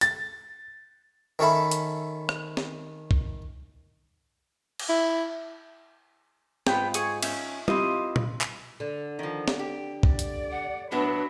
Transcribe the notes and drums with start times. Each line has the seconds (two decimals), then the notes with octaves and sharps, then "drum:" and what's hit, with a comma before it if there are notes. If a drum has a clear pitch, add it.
0.01 A6, drum: hi-hat
1.39 D#3 C#4 A4 E5 B5
1.71 drum: hi-hat
2.29 drum: rim click
2.57 drum: snare
3.11 drum: kick
4.79 drum: cymbal
4.89 E4
6.67 G#2 B3 F4 G5, drum: snare
6.94 G#4 C#6, drum: hi-hat
7.23 C#4 E5 G6, drum: cymbal
7.68 C4 E4 F4 G4 D#5, drum: tom
8.16 drum: tom A#2
8.41 drum: clap
8.80 D3
9.19 D#3 F3
9.48 drum: snare
9.59 G4
10.03 D5, drum: kick
10.19 drum: hi-hat
10.51 F#5
10.92 A2 F#3 B3 D4 F#4 B4